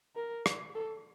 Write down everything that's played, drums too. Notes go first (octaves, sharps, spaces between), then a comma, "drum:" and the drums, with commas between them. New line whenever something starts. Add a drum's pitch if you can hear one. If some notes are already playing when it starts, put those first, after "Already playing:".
A#4
drum: rim click
A4